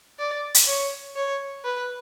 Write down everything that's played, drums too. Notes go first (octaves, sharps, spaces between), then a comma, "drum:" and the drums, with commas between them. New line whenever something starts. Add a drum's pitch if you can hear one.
D5
drum: hi-hat
C#5
C#5
B4